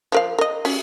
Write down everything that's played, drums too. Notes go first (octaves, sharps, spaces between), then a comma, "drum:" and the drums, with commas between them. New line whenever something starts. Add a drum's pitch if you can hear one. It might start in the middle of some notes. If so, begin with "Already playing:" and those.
F3 A#4 F5
A#4 D#5
C#4, drum: open hi-hat